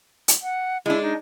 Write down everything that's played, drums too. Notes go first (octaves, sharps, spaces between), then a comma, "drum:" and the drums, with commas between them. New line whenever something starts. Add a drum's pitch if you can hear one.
drum: hi-hat
F#5
G#3 D4 E4
D#4